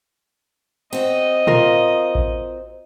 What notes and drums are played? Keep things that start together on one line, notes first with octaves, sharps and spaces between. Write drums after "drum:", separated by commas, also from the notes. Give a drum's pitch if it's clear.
C4 F#4 D#5
F4 A#4, drum: tom
drum: kick A1